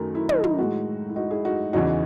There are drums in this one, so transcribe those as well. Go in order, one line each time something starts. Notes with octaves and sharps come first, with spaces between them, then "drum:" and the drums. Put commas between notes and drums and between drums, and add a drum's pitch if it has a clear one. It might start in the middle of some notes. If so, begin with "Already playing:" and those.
Already playing: F#2 D#3 A3
E4
D#4, drum: tom
E4, drum: tom
A2 G#3 D#4 F#4
E4
D#4 F#4
E4 G#4
D#4 F#4
E2 C#3 E3 D#4 F#4